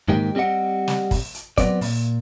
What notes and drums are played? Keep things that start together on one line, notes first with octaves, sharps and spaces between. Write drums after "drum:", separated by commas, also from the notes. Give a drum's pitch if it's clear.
G#2 D#3 A#3 D#4 G4
G3 C4 G4 D#5 F#5
drum: snare
drum: kick, open hi-hat
drum: hi-hat
F#3 B3 C4 D5, drum: kick, hi-hat
A#2, drum: open hi-hat